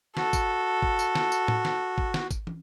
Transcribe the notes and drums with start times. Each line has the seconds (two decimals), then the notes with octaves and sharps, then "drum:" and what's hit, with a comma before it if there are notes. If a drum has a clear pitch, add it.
0.17 F#4 A4, drum: snare
0.33 drum: kick, tambourine
0.82 drum: kick
0.99 drum: tambourine
1.15 drum: snare
1.32 drum: tambourine
1.48 drum: tom A2
1.65 drum: snare
1.98 drum: kick
2.14 drum: snare
2.31 drum: kick, tambourine
2.47 drum: tom